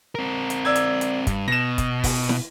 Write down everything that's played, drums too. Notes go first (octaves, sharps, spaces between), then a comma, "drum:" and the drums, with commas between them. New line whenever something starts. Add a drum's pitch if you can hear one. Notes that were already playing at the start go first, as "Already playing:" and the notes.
C4 A#4
drum: hi-hat
D5 E6 G#6
drum: hi-hat
drum: hi-hat
G2, drum: kick, hi-hat
B2 A#6 E7
drum: kick, hi-hat
drum: kick, open hi-hat
drum: snare